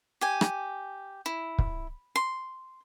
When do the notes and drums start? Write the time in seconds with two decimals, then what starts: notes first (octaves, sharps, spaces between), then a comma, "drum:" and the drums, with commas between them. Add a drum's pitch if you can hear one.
0.21 G4 G#5
0.41 drum: rim click
1.26 E4
1.59 drum: kick
2.16 C6